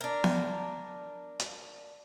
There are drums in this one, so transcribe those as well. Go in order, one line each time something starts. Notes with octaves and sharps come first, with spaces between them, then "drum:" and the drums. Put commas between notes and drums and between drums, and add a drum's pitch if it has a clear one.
D4 A#4
drum: snare B3
drum: hi-hat